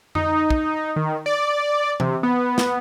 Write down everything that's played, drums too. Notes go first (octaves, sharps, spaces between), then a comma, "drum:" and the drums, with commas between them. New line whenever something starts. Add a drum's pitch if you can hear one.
D#4, drum: tom F2
drum: kick
D#3
D5
C3, drum: tom E3
B3
drum: snare